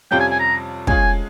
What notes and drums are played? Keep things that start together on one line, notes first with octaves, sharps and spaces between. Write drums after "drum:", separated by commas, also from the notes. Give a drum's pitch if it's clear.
F2 C3 G3 C#4 F4 G5
G#5
G#5
A#5
G#3 C#4 F4 G#4 G#5, drum: kick